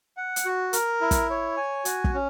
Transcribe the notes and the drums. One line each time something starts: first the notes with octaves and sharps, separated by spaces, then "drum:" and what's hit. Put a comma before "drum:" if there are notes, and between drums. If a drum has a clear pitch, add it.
F#5
drum: hi-hat
F#4
A#4, drum: hi-hat
E4
drum: kick, hi-hat
C#5
G#5
F#4, drum: hi-hat
drum: kick
C#4